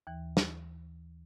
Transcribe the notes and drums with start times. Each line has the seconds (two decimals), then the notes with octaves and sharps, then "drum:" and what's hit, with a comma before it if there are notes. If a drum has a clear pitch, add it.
0.07 D#2 E3
0.37 drum: snare